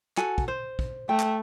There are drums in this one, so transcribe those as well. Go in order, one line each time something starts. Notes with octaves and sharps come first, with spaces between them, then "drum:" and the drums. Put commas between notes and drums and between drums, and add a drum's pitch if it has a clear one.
F#4 A4 G#5, drum: clap
drum: kick
C5
drum: kick
A3 G5
drum: clap